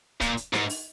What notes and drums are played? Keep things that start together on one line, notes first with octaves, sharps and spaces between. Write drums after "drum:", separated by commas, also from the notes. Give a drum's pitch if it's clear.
A#2, drum: kick, hi-hat
drum: hi-hat
G#2, drum: snare D#4
drum: open hi-hat